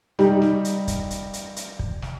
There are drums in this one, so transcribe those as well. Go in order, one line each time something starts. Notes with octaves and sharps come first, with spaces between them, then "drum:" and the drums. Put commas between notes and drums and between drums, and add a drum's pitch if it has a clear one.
G3 D#4 G4, drum: snare
drum: snare
drum: hi-hat
drum: kick, hi-hat
drum: hi-hat
drum: hi-hat
drum: hi-hat
drum: kick
drum: snare